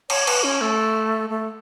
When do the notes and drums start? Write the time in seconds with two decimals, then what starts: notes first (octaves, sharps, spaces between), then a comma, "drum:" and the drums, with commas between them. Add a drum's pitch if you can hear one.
0.10 C#5, drum: cymbal
0.27 B4, drum: cymbal
0.44 C#4
0.61 A3
1.30 A3